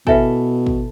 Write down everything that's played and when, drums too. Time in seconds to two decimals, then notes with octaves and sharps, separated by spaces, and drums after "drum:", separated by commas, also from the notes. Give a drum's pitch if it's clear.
0.07 B2 E4 A4 B4 E5 G#5, drum: kick
0.67 drum: kick